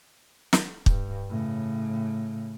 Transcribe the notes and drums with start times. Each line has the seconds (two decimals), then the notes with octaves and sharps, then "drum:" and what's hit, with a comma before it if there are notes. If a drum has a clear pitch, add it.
0.53 drum: snare
0.86 G2, drum: kick
1.29 A2 C#3